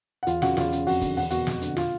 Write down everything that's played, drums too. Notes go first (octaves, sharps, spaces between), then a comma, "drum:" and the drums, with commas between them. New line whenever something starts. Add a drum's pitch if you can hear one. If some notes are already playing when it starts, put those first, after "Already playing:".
F#5
E2 F4 F5, drum: hi-hat
C#3 F#4 F#5, drum: snare
E2 F4 F5, drum: snare
C#3, drum: hi-hat
F2 F#4 F#5, drum: open hi-hat
D3, drum: kick, hi-hat
E2 F#5, drum: open hi-hat
B2 F#4 F#5, drum: hi-hat
F2, drum: snare
D3, drum: hi-hat
F4 F5, drum: snare